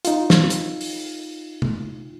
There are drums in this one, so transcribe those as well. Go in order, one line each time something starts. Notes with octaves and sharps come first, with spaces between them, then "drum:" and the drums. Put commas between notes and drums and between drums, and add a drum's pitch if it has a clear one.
D#4 F4, drum: hi-hat
drum: snare
drum: hi-hat
drum: open hi-hat
drum: tom C3